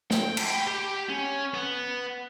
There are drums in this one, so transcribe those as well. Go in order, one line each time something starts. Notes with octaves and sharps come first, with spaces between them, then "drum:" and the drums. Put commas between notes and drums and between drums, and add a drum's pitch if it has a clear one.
G5, drum: snare
drum: cymbal
G4
C#4
B3